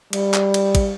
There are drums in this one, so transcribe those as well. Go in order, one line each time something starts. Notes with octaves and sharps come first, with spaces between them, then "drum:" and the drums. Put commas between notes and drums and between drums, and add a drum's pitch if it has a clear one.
G3, drum: cymbal
drum: clap
drum: cymbal
drum: kick, cymbal